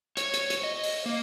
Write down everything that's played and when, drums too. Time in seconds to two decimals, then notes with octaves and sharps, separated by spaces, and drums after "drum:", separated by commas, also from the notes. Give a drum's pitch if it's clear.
0.17 C#5, drum: hi-hat
0.34 drum: hi-hat
0.50 drum: hi-hat
0.63 D#5
0.84 drum: open hi-hat
1.06 A#3